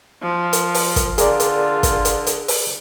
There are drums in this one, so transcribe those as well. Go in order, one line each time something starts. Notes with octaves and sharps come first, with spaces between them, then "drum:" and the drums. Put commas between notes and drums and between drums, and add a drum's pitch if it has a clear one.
F3
drum: hi-hat
drum: open hi-hat
drum: kick, hi-hat
D3 F4 G#4 A#4 D5, drum: hi-hat
drum: hi-hat
drum: kick, hi-hat
drum: hi-hat
drum: hi-hat
drum: open hi-hat